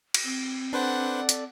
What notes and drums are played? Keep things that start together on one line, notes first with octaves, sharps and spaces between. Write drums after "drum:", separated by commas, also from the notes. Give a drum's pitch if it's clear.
drum: cymbal
C4
D4 A4 B4 C5 D5 F#5
drum: hi-hat